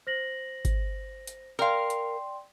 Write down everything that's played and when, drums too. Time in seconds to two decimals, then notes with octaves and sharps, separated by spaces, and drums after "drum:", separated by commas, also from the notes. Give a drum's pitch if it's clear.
0.07 C5 A#6 F#7
0.65 drum: kick G#1, hi-hat
1.27 drum: hi-hat
1.59 A#4 D5 F5 G5 C6
1.90 drum: hi-hat